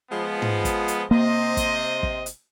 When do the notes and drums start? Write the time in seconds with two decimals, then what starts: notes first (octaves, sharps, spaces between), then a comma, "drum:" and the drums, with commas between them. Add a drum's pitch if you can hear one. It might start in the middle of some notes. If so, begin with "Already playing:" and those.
0.11 F3 G#3 B3
0.42 drum: tom
0.65 drum: kick, hi-hat
0.88 drum: hi-hat
1.11 C3 A#3 C5 D#5
1.57 drum: kick, hi-hat
2.03 drum: kick
2.26 drum: hi-hat